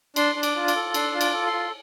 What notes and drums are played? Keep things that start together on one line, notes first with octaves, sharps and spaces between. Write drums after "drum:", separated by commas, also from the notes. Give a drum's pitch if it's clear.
D4 C6, drum: cymbal
D4
D6, drum: cymbal
F4
D6, drum: cymbal
A4
D4 C6, drum: cymbal
F4
D6, drum: cymbal
A4
C6
F4